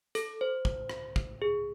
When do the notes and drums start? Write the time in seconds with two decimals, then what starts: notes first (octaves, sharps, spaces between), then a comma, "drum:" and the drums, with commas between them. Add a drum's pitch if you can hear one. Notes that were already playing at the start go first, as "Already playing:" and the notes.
0.15 A4, drum: hi-hat
0.41 C5
0.65 drum: kick
0.89 drum: rim click
1.16 drum: kick
1.42 G#4